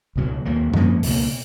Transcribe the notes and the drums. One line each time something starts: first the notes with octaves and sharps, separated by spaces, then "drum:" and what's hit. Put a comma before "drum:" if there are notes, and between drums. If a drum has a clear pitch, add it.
C#2 B2 F#3
D#2 D#3 F#3 A#3
G#2 F3 A#3 C#4, drum: tom F#2
C#2 B2 A#3, drum: open hi-hat